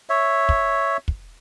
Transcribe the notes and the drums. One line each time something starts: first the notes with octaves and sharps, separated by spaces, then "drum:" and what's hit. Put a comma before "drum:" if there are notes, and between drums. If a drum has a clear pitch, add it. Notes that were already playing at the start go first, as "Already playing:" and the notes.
C#5 E5
drum: kick
drum: kick